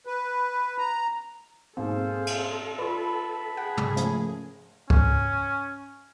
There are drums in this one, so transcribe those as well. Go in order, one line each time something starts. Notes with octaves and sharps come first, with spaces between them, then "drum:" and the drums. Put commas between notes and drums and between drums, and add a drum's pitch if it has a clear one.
B4
A#5
G#2 B2 A#3 C4 G#4 A4 C5 F5
drum: cymbal
F4 B4 D5 A5 B5
G#4 F#5 G5 F#6
drum: tom
F3 A3 A#3 C#4, drum: hi-hat
C#4, drum: kick